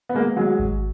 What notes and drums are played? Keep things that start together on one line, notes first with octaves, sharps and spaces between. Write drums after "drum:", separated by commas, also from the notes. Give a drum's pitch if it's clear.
B3
G#3 A#3
F#3 G#3
drum: kick G#1